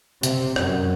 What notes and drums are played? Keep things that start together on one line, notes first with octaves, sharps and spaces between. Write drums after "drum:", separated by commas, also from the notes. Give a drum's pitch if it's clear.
C3, drum: hi-hat
F#2, drum: rim click